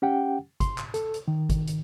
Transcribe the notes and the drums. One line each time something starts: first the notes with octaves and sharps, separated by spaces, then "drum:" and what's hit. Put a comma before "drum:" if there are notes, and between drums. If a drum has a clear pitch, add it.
C#4 G4 F#5 G5
C6, drum: kick, hi-hat
drum: clap
A4, drum: hi-hat
drum: hi-hat
D#3
drum: kick, hi-hat
drum: hi-hat